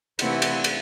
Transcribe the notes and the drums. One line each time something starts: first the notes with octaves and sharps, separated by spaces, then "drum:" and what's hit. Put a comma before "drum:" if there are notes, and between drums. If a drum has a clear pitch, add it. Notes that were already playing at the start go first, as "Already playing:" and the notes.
C3 E3 A3 C4 E4 E5 F#5, drum: cymbal
drum: cymbal
drum: cymbal